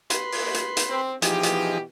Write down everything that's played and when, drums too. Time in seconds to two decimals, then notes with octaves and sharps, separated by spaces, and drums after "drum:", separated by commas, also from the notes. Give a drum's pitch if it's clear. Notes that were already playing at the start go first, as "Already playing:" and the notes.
0.10 B4 C6, drum: hi-hat
0.32 drum: open hi-hat
0.54 drum: hi-hat
0.77 drum: hi-hat
0.90 C4
1.22 B2 E3 F3 D#4 G4 G#4, drum: hi-hat
1.43 drum: hi-hat